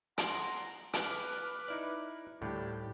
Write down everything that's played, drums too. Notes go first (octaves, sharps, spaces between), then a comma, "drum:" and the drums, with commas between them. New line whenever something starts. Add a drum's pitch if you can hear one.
F#5 A#5 C6, drum: hi-hat
B4 D6 F6, drum: hi-hat
D#4 E4 D5
D2 A2 G3 A#3 D4 G4